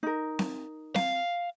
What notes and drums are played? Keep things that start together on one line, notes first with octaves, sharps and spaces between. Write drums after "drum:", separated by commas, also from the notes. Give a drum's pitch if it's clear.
D#4 A#4
drum: snare C4
F5, drum: snare C4